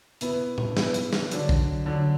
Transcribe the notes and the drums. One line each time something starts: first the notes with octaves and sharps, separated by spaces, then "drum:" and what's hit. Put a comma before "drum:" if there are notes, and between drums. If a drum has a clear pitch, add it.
B2 B3 E4 B4, drum: hi-hat
drum: tom A2
B2 B3 E4 B4, drum: snare
drum: hi-hat
drum: snare
D3 F#3 D4, drum: hi-hat
drum: kick
D3 F#3 D4